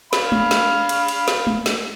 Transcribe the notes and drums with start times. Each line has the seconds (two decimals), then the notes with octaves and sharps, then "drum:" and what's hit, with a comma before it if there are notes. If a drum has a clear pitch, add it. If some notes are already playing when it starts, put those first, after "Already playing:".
0.13 F5 B5, drum: snare
0.32 drum: tom G#3
0.51 drum: snare
0.89 drum: cymbal
1.08 drum: cymbal
1.28 drum: snare
1.47 drum: tom G#3
1.66 drum: snare